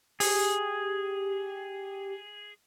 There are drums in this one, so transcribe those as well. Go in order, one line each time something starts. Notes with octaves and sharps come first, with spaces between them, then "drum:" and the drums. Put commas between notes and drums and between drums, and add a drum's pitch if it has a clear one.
G4 G#4, drum: open hi-hat